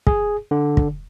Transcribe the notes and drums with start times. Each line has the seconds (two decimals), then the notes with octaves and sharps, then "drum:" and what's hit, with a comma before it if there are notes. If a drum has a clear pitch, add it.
0.07 G#4, drum: kick
0.51 D3
0.77 drum: kick